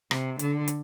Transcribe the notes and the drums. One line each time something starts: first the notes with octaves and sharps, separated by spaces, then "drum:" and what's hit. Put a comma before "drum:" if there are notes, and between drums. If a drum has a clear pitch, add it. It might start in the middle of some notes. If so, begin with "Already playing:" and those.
C3, drum: rim click
D3, drum: hi-hat
drum: hi-hat